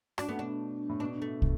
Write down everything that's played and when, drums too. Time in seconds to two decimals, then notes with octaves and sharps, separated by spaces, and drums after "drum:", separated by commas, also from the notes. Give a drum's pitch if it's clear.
0.18 D4 F#4, drum: rim click
0.29 A3 B3
0.39 B2 D4
0.89 A2
1.00 B2 D4
1.22 A3
1.42 drum: kick